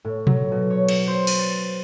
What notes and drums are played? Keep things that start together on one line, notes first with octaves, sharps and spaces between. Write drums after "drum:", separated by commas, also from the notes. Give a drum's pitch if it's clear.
A2
F#3, drum: tom B2
B2
C#5
drum: cymbal
C5
drum: cymbal
A6